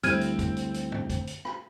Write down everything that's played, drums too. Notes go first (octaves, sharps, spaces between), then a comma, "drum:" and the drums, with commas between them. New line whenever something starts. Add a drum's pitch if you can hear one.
D2 G3 C4 E4 E5 F6 G#6 D#7, drum: hi-hat
drum: hi-hat
drum: kick, hi-hat
drum: hi-hat
drum: hi-hat
drum: tom
drum: kick, hi-hat
drum: hi-hat
drum: rim click